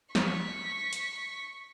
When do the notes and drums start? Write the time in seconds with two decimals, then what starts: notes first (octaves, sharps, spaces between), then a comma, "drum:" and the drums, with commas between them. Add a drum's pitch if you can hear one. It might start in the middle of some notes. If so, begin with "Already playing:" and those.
0.15 C#6 B6, drum: snare
0.93 drum: hi-hat